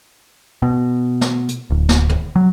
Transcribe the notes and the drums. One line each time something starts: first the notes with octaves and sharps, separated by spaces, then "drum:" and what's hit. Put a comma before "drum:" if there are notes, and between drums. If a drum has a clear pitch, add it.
B2
drum: snare
drum: hi-hat
D1
drum: snare
drum: tom
F#3